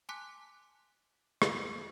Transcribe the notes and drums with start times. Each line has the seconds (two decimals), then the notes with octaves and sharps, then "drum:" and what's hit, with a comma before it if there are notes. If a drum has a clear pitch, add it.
0.09 G#5 A5 C6 D6 F#6 B6
1.42 drum: rim click